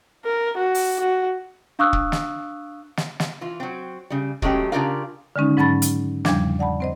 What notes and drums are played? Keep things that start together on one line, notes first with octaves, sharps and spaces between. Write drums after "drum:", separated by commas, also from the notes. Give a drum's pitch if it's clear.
A#4
F#4
drum: open hi-hat
F#4
D4 F5 C#6 D#6 E6 F#6
drum: kick
drum: snare
drum: snare
drum: snare
E3 F4
F#3 C4
C#3 G3
F#3 G#3 A3 C#4 G4, drum: kick
C#3 D4 F4 G4 A#4 F5
D3 D#3 G#3 C#4 D#4
G#2 F#3 C#4 A5 B5 A6
drum: hi-hat
E2 C#3 F3 G3 D4, drum: snare
D5 F#5 A5 B5
C4 C5 D#5